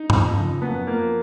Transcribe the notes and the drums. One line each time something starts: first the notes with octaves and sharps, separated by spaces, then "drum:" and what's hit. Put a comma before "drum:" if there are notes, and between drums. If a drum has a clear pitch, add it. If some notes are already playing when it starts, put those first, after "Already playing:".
Already playing: D#4
F2, drum: tom G2
C#3 F3
F#2 B3
F3 A#3